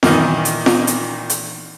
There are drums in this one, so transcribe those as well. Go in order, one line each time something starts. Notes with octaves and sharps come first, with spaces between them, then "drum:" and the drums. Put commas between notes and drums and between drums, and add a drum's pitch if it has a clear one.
A#2 D#3 E3 D#4, drum: snare
drum: hi-hat
drum: snare
drum: hi-hat
drum: hi-hat